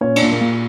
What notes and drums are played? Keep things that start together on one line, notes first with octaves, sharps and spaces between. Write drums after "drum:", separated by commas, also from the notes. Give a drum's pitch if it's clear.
A#2 C#4 C#5
D4 D5, drum: cymbal
A#2
A#3 A#4
A#2